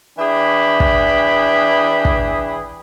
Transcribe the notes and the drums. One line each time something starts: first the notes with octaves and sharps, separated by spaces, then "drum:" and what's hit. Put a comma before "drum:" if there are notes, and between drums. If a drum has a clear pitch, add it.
E3 D4 G#4 E5 G5 B5
drum: kick
drum: kick